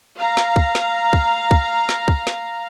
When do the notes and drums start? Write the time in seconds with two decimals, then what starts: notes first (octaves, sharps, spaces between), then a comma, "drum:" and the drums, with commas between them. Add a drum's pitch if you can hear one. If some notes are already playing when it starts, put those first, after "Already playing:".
0.18 F5 A#5
0.37 drum: snare
0.56 drum: kick
0.75 drum: snare
1.13 drum: kick
1.51 drum: kick
1.89 drum: snare
2.08 drum: kick
2.27 drum: snare